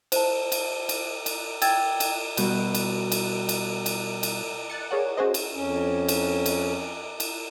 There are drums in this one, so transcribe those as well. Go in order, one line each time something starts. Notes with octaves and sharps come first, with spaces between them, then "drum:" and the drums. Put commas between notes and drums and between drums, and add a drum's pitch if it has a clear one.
C5 A5, drum: cymbal
drum: cymbal
drum: cymbal
drum: cymbal
G5 E6 G#6 A6, drum: cymbal
drum: cymbal
B2 G3 F#6, drum: cymbal
drum: cymbal
drum: cymbal
drum: cymbal
drum: cymbal
drum: cymbal
F#6 A6 C#7
G#4 A#4 C#5 D5 F#5
C#4 F#4 G#4 C5 D#5
drum: cymbal
F2 C#4
drum: cymbal
drum: cymbal
drum: cymbal